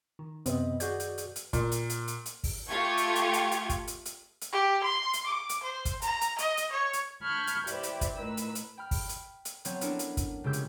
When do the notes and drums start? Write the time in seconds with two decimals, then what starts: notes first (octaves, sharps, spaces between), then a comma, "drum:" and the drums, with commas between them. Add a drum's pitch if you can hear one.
0.19 D#3
0.46 F#2 C3 B3 C4 B4 D#5, drum: hi-hat
0.80 F#4 G#4 D5 G6, drum: hi-hat
1.00 drum: hi-hat
1.18 drum: hi-hat
1.36 drum: hi-hat
1.53 A#2, drum: kick, hi-hat
1.72 drum: hi-hat
1.90 drum: hi-hat
2.08 drum: hi-hat
2.26 drum: hi-hat
2.44 drum: kick, open hi-hat
2.69 A3 F4 G4 C#6 G#6
2.98 drum: hi-hat
3.15 drum: hi-hat
3.33 drum: hi-hat
3.51 drum: hi-hat
3.69 drum: kick, hi-hat
3.87 drum: hi-hat
4.05 drum: hi-hat
4.41 drum: hi-hat
4.52 G4
4.83 C6
5.13 drum: hi-hat
5.26 D6
5.49 drum: hi-hat
5.63 C5
5.85 drum: kick, hi-hat
6.02 A#5, drum: hi-hat
6.21 drum: hi-hat
6.38 D#5, drum: hi-hat
6.57 drum: hi-hat
6.72 C#5
6.93 drum: hi-hat
7.22 A5 B5 C#6 F6 G6 G#6
7.47 drum: hi-hat
7.67 E4 G4 B4 C5 D5 E5, drum: hi-hat
7.83 drum: hi-hat
8.01 drum: kick, hi-hat
8.15 A2 D#3 B4 E6
8.37 drum: hi-hat
8.55 drum: hi-hat
8.77 G5 B5 F6
8.91 drum: kick, open hi-hat
9.09 drum: hi-hat
9.45 drum: hi-hat
9.65 F#3 B3 C4 C#5, drum: hi-hat
9.81 B3 C#4 D4 E4 A4 A#4, drum: hi-hat
9.99 drum: hi-hat
10.17 drum: kick, hi-hat
10.44 F1 C#3 G#3 G4 E6 G6
10.53 drum: hi-hat